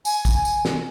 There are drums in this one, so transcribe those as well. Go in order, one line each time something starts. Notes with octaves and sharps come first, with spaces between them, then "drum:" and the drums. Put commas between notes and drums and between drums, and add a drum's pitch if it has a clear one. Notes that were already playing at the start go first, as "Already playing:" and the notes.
G#5, drum: tambourine
drum: kick, tambourine
drum: tambourine
drum: snare